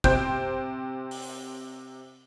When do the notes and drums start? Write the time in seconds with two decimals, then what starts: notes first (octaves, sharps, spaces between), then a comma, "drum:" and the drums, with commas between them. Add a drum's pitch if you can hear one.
0.04 C3 C5 G5 G6, drum: kick
1.11 drum: open hi-hat